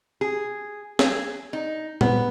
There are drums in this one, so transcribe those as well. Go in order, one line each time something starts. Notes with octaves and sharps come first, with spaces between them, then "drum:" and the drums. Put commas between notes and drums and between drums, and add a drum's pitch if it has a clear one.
G#4
G#4, drum: snare
D#4
B3, drum: tom A#2